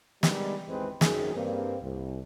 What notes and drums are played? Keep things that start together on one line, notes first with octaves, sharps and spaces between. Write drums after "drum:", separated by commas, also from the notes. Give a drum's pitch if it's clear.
D#3 G3 G#3 B3 D4 D#4, drum: snare
G#1 E2 G#3 C4 G4 B4
G#1 F#2 D#3 G#4, drum: snare
G2 A#3 C4
C2